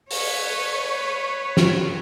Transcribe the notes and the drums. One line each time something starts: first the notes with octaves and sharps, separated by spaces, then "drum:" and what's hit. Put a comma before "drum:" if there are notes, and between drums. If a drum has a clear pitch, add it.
B4 C#5, drum: open hi-hat
drum: snare